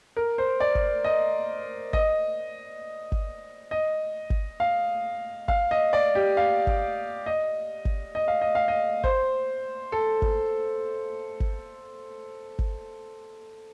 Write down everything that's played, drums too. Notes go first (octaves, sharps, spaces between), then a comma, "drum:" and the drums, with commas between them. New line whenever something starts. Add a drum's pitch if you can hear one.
A#4
C5
D5
drum: kick G#1
D#5
D#5, drum: kick G#1
drum: kick G#1
D#5
drum: kick G#1
F5
F5, drum: kick G#1
D#5
D5
G4
F5
drum: kick G#1
D#5
drum: kick G#1
D#5
F5
D#5
F5
D#5
C5, drum: kick G#1
A4
drum: kick G#1
drum: kick G#1
drum: kick G#1